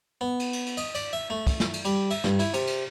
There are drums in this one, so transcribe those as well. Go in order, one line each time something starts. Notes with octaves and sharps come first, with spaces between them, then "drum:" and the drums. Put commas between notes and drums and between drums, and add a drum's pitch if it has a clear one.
B3
drum: cymbal
drum: cymbal
drum: cymbal
D#5, drum: cymbal
D5, drum: cymbal
E5
A3
drum: kick, cymbal
drum: snare
drum: cymbal
G3, drum: cymbal
E5, drum: cymbal
G2, drum: snare
E4, drum: cymbal
C3, drum: cymbal
drum: cymbal